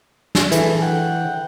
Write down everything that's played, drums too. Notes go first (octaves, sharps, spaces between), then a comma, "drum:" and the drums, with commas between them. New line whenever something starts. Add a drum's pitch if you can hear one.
drum: snare
E3 G#4 A4, drum: hi-hat
F#5 G5